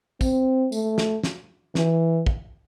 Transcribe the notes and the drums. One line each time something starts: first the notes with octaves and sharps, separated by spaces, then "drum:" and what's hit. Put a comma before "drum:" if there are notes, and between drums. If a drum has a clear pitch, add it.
C4, drum: kick, tambourine
A3, drum: tambourine
drum: snare
drum: snare
E3, drum: snare
drum: kick